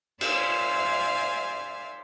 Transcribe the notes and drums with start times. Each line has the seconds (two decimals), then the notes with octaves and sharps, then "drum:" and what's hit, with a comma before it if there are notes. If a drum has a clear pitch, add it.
0.21 C5 D5 E5 F5 G#5, drum: cymbal